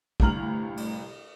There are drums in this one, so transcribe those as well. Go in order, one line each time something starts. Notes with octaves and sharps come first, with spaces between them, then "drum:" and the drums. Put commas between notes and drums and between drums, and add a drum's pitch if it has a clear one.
G1 C2 A2 A#5 F6 F#7, drum: kick
drum: cymbal